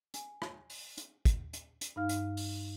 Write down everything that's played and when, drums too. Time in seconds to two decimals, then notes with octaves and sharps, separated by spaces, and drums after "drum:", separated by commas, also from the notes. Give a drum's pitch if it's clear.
0.14 G#5, drum: hi-hat
0.42 drum: rim click
0.70 drum: open hi-hat
0.98 drum: hi-hat
1.25 drum: kick, hi-hat
1.53 drum: hi-hat
1.81 drum: hi-hat
1.96 G2 D#4 F5 F6
2.09 drum: hi-hat
2.37 drum: open hi-hat